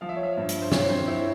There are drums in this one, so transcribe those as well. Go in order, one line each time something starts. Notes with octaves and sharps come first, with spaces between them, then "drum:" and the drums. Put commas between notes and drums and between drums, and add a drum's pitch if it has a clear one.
F3 F5
E5
C#5
E5
G2
drum: hi-hat
C5
C4 C#5, drum: snare
C5
E4 C5